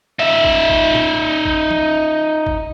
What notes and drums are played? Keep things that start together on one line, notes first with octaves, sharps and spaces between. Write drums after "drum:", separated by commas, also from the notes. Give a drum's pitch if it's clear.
D#4 E5
drum: kick
drum: kick
drum: tom A2
drum: kick
drum: tom
drum: kick